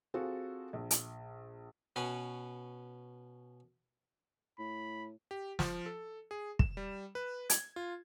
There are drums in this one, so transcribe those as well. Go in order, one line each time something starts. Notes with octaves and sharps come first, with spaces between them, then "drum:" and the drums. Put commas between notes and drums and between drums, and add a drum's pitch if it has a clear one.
C4 F4 F#4 G#4 A4
A#1
drum: hi-hat
B2 C#4 B4
A2 B5
G4
F3, drum: snare
A4
G#4
E7, drum: kick
G3
B4
G#6, drum: hi-hat
F4